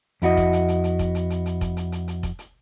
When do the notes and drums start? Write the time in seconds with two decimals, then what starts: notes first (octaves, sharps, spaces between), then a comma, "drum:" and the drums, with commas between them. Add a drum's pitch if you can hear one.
0.22 F2 E4 F#4 D#5, drum: hi-hat
0.37 drum: kick F1, hi-hat
0.53 drum: hi-hat
0.68 drum: hi-hat
0.84 drum: hi-hat
0.99 drum: kick F1, hi-hat
1.15 drum: hi-hat
1.30 drum: hi-hat
1.46 drum: hi-hat
1.61 drum: kick F1, hi-hat
1.77 drum: hi-hat
1.92 drum: hi-hat
2.08 drum: hi-hat
2.23 drum: kick F1, hi-hat
2.39 drum: hi-hat